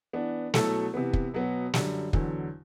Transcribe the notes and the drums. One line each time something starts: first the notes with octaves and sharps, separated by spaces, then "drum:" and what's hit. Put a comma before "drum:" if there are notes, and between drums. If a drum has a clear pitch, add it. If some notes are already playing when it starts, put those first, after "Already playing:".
E3 B3 D4
B2 F#3 A3 E4 A4, drum: snare
C3 E3 B3
drum: kick
B2 F#3 B3
F#2 D3 G3, drum: snare
E2 D3 F#3, drum: kick